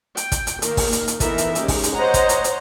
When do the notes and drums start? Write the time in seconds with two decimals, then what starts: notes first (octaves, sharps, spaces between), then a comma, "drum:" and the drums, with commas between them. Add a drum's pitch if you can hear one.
0.17 G5, drum: hi-hat
0.32 drum: kick, hi-hat
0.47 drum: hi-hat
0.62 D#3 A#3, drum: hi-hat
0.77 drum: kick, open hi-hat
0.92 drum: hi-hat
1.08 drum: hi-hat
1.20 E3 B3 D#4 A4 A#4 E5, drum: kick, hi-hat
1.38 drum: hi-hat
1.55 G#3 C#4 D#4 G4, drum: hi-hat
1.68 drum: kick, open hi-hat
1.83 drum: hi-hat
1.94 C5 C#5 D#5 F#5 A#5
2.14 drum: kick, hi-hat
2.29 drum: hi-hat
2.44 drum: hi-hat